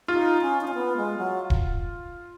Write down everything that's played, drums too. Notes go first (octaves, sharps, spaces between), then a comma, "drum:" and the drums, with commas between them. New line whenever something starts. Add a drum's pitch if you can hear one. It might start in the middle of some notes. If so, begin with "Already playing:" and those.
D#4 F4
C#4
D#4
C#4
B3
G#3
F#3
drum: kick D#1